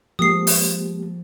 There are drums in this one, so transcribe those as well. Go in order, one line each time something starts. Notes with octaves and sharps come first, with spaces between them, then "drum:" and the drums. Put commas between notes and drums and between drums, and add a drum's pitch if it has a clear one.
F3 G#3 A#3 G4 D#6 C7
drum: open hi-hat